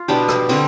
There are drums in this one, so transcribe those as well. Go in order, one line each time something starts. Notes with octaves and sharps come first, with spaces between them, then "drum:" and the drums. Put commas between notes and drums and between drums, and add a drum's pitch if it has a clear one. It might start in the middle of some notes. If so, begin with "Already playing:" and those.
Already playing: F4
B2 B3 D4 G4, drum: cymbal
drum: rim click
D3 G3 C4, drum: cymbal